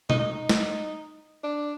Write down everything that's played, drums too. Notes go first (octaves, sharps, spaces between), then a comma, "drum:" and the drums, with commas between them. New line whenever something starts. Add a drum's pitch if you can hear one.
D#4, drum: tom
D#4
drum: snare
D4